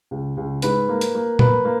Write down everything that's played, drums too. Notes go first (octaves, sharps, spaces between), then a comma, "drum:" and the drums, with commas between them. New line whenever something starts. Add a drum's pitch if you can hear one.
C#2
C#2
G#2 B4, drum: hi-hat
A#3
drum: hi-hat
A#3
A#3 B4, drum: tom A#2
A#3